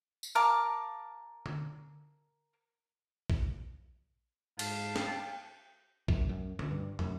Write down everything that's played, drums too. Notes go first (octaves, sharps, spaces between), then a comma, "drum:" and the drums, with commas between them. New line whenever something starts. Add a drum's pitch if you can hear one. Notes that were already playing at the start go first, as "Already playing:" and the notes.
drum: tambourine
A#4 F5 A5 D6
drum: tom D3
drum: kick A#1
G#2 F5 A5, drum: cymbal
G5, drum: snare
F#2, drum: kick A#1
F#2
C#2, drum: tom D3
G2
F#2, drum: tom